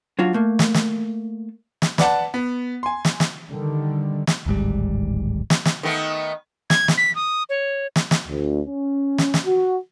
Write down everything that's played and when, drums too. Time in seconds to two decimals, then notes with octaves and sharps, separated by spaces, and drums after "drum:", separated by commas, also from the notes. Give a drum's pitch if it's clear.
0.19 F#3 D4 F4 F#4
0.34 A3 A#3
0.59 drum: snare
0.74 drum: snare
1.82 drum: snare
1.98 B4 D5 F#5 A5, drum: snare
2.34 B3
2.83 G#5 C6
3.05 drum: snare
3.20 drum: snare
3.49 D3 D#3 G3
4.27 drum: snare
4.46 D1 G#1 G#2 G3
5.50 drum: snare
5.65 drum: snare
5.83 D#3 A3 B3
6.70 G#6, drum: snare
6.88 drum: snare
6.98 B6
7.15 D#6
7.50 C#5
7.96 drum: snare
8.11 drum: snare
8.27 D2
8.66 C#4
9.18 drum: snare
9.34 drum: snare
9.45 F#4